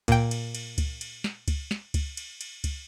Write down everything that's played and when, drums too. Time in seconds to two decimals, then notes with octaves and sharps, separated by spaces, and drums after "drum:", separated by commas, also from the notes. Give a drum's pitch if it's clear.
0.08 A#2 G5, drum: kick C#2, cymbal
0.31 drum: cymbal
0.55 drum: cymbal
0.78 drum: kick C#2, cymbal
1.01 drum: cymbal
1.24 drum: snare
1.48 drum: kick C#2, cymbal
1.71 drum: snare
1.94 drum: kick C#2, cymbal
2.17 drum: cymbal
2.41 drum: cymbal
2.64 drum: kick C#2, cymbal